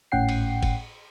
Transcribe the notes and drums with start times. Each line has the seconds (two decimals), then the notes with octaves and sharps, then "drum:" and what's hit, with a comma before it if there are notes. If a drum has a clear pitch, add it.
0.12 G#1 A2 C#4 F#5 G5 C7
0.29 drum: cymbal
0.63 drum: kick, cymbal